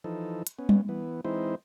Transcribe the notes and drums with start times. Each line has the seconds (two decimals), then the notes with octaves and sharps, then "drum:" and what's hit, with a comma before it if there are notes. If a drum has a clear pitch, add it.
0.04 E3 F3 D#4 A4
0.47 drum: hi-hat
0.59 B3 C#4
0.69 drum: tom G3
0.89 E3 B3
1.25 E3 G#3 C4 D#4 E4 C5